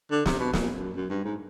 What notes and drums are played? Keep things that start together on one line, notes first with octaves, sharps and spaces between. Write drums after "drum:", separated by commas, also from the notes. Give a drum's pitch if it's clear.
D3
C3, drum: snare
B2
A#2, drum: snare
F#2
F#2
G2
G#2